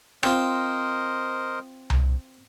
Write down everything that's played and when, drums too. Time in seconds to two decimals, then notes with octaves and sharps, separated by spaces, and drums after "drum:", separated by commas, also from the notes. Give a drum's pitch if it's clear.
0.23 C4 F4 A#4 C5 D#5, drum: rim click
1.90 drum: tom C2